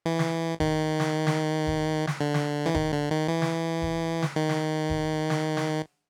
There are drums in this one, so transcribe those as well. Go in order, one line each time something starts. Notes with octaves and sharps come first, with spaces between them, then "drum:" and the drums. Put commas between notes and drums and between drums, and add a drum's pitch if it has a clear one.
E3
drum: snare
D#3, drum: kick F1
drum: snare
drum: snare
drum: kick F1
drum: snare
D3
drum: snare
E3
D#3, drum: kick F1
D3
D#3
E3
drum: snare
drum: kick F1
drum: snare
D#3
drum: snare
drum: kick F1
drum: snare
drum: snare